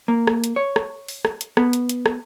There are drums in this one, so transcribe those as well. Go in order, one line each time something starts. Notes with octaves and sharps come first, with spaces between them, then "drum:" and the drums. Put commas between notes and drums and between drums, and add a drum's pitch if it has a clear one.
A#3
drum: rim click
drum: hi-hat
C#5
drum: rim click
drum: open hi-hat
drum: rim click
drum: hi-hat
B3, drum: rim click
drum: hi-hat
drum: hi-hat
drum: rim click